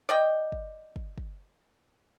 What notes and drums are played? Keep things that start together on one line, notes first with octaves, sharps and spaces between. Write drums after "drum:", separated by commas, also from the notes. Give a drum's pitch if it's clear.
D5 D#5 G5
drum: kick
drum: kick
drum: kick